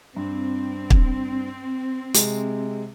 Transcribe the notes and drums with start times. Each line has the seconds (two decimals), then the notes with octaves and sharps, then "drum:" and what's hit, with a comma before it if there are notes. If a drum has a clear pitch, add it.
0.16 G2 C4
0.90 drum: kick
2.14 C3 G#3, drum: hi-hat